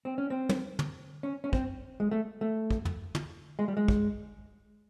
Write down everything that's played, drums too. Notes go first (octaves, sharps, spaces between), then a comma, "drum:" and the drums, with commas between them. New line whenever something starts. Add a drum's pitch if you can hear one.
C4
C#4
C4
drum: tom
drum: tom
C#4
C#4
C4, drum: kick
G#3
A3
A3
drum: kick
drum: tom
drum: tom
G#3
G3
G#3
drum: kick